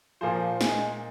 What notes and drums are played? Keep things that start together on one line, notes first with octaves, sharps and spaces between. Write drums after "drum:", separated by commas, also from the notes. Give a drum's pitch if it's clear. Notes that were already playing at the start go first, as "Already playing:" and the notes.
A#2 F3 A#3 G#4 C5
G#3, drum: snare